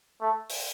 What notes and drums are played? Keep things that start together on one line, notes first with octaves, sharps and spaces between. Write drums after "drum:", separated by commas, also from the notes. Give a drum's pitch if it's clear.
A3
drum: open hi-hat